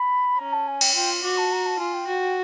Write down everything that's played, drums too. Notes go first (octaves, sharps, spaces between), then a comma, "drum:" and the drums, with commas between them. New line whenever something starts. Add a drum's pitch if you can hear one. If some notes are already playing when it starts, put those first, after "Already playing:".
Already playing: B5
C#4 A#5
A5
G#5
G5, drum: cymbal
F4 G5
F#4 D6
A5
A#5
A5
F4 G#5
G5
F#4